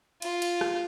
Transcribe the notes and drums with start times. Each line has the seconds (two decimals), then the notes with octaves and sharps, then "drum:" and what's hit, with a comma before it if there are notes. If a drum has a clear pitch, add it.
0.22 F4, drum: cymbal
0.42 drum: cymbal
0.61 drum: rim click